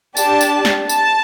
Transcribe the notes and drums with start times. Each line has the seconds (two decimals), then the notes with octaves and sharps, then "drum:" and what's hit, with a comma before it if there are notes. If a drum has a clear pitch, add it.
0.17 D4 G4 A5, drum: tambourine
0.41 drum: tambourine
0.65 drum: snare
0.89 A5, drum: tambourine